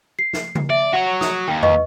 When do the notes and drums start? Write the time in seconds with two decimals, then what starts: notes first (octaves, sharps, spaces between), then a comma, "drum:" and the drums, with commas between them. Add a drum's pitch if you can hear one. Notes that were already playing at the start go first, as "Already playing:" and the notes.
0.19 C7
0.33 drum: snare
0.55 drum: tom C#3
0.70 D5 E5
0.93 F#4 C#5 F#5
1.21 D#6, drum: snare
1.48 D#2 G5
1.63 B4 D#5 C#6, drum: tom E2